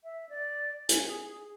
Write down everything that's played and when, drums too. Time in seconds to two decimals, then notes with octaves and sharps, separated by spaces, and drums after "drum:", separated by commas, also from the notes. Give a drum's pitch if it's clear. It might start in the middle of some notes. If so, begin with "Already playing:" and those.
0.04 E5
0.29 D5
0.89 G#5, drum: hi-hat
1.08 G#4